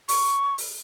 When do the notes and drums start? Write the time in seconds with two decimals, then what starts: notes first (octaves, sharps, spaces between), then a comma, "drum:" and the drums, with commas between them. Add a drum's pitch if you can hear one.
0.09 C#6, drum: open hi-hat
0.58 drum: open hi-hat